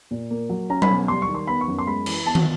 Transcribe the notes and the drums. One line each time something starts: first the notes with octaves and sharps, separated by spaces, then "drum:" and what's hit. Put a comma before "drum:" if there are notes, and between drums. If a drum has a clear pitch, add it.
A#2
A#3
F#3
C#4 A#5
B5, drum: tom F#3
B2
G3 C6
C#6
D#3
C6
B3 B5
C#6
F#2
C6
G#3 B5
E3, drum: cymbal
B3 A5
drum: tom